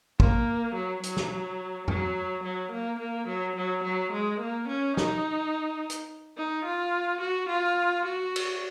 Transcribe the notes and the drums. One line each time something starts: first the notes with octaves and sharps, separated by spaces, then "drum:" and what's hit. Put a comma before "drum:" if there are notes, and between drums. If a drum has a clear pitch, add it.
A#3, drum: kick
F#3
F#3, drum: hi-hat
drum: snare
F#3, drum: tom F2
F#3
A#3
A#3
F#3
F#3
F#3
G#3
A#3
C#4
D#4, drum: snare
drum: hi-hat
D#4
F4
F#4
F4
F#4
drum: cymbal